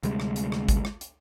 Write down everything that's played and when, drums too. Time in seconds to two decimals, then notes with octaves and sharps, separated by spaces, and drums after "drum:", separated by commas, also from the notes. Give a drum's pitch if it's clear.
0.03 D2 C3 G3 G#3, drum: hi-hat
0.20 drum: rim click
0.36 drum: hi-hat
0.52 drum: rim click
0.69 drum: kick G#1, hi-hat
0.85 drum: rim click
1.01 drum: hi-hat